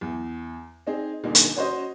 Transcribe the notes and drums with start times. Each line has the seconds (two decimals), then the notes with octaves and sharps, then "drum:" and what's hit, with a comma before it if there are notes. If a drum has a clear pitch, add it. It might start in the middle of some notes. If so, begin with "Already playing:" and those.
0.01 E2
0.87 C4 D#4 G#4
1.24 D#1 A#2 D3 D#4
1.35 drum: hi-hat
1.56 C#4 F#4 C5 C#5 D#5